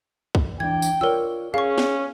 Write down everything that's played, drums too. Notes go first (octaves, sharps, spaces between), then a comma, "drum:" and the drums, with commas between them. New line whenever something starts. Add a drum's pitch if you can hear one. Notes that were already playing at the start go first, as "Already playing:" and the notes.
drum: kick
E3 D4 G5 G#6
drum: tambourine
F4 A#4 C#5 D5 E6
C#4 G#4 F5 C#6
drum: snare